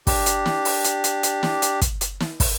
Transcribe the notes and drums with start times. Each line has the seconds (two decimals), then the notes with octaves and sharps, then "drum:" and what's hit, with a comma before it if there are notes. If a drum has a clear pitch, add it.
0.07 D4 G4, drum: kick, open hi-hat
0.26 drum: hi-hat
0.46 drum: snare
0.65 drum: open hi-hat
0.84 drum: hi-hat
1.04 drum: hi-hat
1.23 drum: hi-hat
1.43 drum: snare
1.62 drum: hi-hat
1.82 drum: kick, hi-hat
2.01 drum: hi-hat
2.20 drum: snare
2.40 drum: kick, open hi-hat